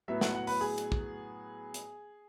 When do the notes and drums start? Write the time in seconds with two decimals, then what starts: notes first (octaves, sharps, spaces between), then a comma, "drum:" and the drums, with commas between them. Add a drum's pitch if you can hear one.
0.08 A2 F#3 B3 E5
0.21 F#5, drum: snare
0.35 F#5
0.47 B4, drum: open hi-hat
0.61 G#4
0.78 drum: hi-hat
0.92 drum: kick
1.74 drum: hi-hat